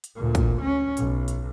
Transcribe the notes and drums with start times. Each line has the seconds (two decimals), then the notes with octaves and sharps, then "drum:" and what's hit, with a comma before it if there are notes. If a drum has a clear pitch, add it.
0.04 drum: hi-hat
0.16 D2 A#2
0.35 drum: kick, hi-hat
0.62 C#4
0.97 B1, drum: hi-hat
1.28 drum: hi-hat